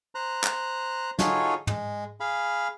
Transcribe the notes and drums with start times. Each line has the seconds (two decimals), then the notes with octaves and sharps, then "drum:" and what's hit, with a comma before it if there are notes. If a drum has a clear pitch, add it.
0.15 C5 A#5 F#6
0.44 drum: clap
1.19 D#4 F4 F#4 G#4 A4 C#5, drum: snare
1.67 G#3, drum: tom
2.20 G#4 F5 B5